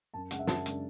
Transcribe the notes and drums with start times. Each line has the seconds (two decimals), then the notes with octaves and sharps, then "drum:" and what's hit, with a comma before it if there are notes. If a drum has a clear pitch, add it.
0.14 F#2 A5
0.31 C#3 G#3 D4 F#5, drum: hi-hat
0.39 E5
0.47 F#2 A5, drum: snare
0.66 C#3 G#3 D4, drum: hi-hat